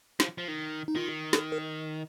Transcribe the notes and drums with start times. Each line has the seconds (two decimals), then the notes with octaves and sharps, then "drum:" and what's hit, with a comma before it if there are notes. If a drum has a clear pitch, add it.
0.20 F3, drum: snare
0.38 F3
0.48 D#3
0.88 D#4
0.95 D#3 F4
1.33 A4, drum: snare
1.52 A#4